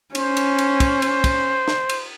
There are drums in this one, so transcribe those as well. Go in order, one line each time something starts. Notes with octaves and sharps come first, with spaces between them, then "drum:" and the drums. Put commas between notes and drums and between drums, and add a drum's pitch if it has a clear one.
C#4 C5, drum: cymbal
drum: cymbal
drum: cymbal
drum: kick, cymbal
drum: cymbal
drum: kick, cymbal
drum: snare
drum: cymbal